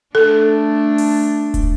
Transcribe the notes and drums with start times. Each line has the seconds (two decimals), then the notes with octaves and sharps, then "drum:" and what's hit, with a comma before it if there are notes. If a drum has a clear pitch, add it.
0.15 A3 D4 A4
0.98 drum: open hi-hat
1.54 drum: kick, hi-hat